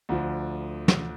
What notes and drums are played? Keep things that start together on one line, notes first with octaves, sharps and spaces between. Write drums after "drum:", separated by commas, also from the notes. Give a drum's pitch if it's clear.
D2 D3 F3
drum: snare